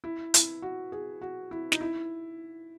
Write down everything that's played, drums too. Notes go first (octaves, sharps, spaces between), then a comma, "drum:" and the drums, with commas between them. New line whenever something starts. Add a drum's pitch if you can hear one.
E4
E4, drum: hi-hat
F#4
G#4
F#4
E4
D#4, drum: snare
E4